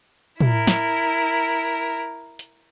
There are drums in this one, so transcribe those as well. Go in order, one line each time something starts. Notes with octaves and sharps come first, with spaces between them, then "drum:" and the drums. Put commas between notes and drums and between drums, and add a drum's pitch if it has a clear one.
E4 A#4, drum: tom
drum: snare
drum: hi-hat